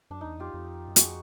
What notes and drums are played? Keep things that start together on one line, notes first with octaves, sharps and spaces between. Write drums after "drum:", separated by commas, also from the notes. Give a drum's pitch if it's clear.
F#2 D4
E2 D#4
F2 F4 G4
F2
F#2
F2 F#4 G#4, drum: hi-hat